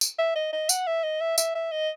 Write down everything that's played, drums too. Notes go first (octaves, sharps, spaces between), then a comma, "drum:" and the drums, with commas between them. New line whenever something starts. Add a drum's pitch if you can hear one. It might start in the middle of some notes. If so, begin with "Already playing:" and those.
drum: tambourine
E5
D#5
D#5
F#5, drum: tambourine
E5
D#5
E5
E5, drum: tambourine
E5
D#5